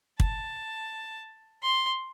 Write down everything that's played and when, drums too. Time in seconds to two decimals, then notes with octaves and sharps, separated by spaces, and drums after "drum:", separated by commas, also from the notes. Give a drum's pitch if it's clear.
0.20 A5, drum: kick
1.63 C6